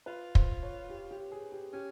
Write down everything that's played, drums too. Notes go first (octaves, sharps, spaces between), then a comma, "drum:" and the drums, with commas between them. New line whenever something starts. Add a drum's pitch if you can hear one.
F4 B4
C5, drum: kick
C#5
G4
G4
G#4
G4
C#4 G4